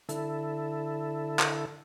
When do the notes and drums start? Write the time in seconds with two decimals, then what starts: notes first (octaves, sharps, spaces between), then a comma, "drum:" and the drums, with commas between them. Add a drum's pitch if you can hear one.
0.09 D3 E4 A4, drum: hi-hat
1.39 drum: clap